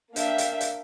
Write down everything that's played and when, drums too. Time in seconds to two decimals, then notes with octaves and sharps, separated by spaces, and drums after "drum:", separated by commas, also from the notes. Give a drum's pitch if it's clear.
0.16 A#3 D4 E5 F5 G5, drum: hi-hat
0.38 drum: hi-hat
0.61 drum: hi-hat